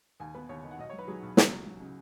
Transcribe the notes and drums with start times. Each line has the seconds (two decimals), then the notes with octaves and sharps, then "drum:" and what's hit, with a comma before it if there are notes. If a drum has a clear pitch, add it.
0.20 D#2 G#5
0.35 B3 B4
0.49 D#2 C#5
0.64 D#3
0.71 F#5
0.79 B1 D#5
0.90 F#3 C#5
0.99 B4
1.08 F#3 G#4
1.22 B1
1.37 C#2, drum: snare
1.51 F#3
1.66 F#3
1.81 C#3